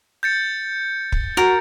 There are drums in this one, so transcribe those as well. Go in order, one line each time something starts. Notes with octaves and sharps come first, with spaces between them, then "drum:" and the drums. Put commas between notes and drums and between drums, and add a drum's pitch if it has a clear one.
G6 A6 C#7
drum: kick
F#4 A#4